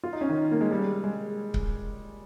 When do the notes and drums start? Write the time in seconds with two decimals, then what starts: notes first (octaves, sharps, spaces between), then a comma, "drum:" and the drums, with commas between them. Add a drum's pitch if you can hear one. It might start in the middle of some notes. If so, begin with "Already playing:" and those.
0.04 F4
0.13 D#4
0.21 C#4
0.29 D#3
0.51 A#3
0.61 G#3
0.71 G3
1.04 G#3
1.54 drum: kick C#1